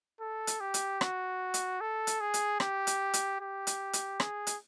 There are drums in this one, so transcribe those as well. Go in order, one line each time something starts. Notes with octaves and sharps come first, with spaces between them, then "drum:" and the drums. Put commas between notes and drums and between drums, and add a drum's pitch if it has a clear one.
A4
drum: hi-hat
G4
drum: hi-hat
F#4, drum: rim click
drum: hi-hat
A4
drum: hi-hat
G#4
drum: hi-hat
G4, drum: rim click
drum: hi-hat
drum: hi-hat
G4
drum: hi-hat
drum: hi-hat
G#4, drum: rim click
drum: hi-hat